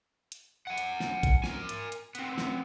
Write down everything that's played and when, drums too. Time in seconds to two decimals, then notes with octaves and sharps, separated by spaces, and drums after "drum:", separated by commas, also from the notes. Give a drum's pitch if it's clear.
0.32 drum: hi-hat
0.67 F#5 G#5
0.78 drum: hi-hat
1.00 drum: snare
1.23 drum: kick A1, hi-hat
1.44 A#4 G#5, drum: snare
1.69 drum: hi-hat
1.92 drum: hi-hat
2.15 B3 C4, drum: hi-hat
2.38 drum: snare